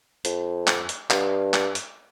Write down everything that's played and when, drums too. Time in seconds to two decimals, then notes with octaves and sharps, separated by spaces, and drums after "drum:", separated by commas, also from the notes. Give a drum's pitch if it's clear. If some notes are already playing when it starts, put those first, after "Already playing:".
0.25 F2, drum: hi-hat
0.67 drum: clap
0.89 drum: hi-hat
1.10 G2, drum: clap
1.54 drum: clap
1.75 drum: hi-hat